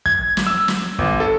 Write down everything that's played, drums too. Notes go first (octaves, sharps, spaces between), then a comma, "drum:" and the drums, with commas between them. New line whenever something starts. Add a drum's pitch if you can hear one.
G#6, drum: kick
drum: snare
E6
drum: snare
G1, drum: kick
A4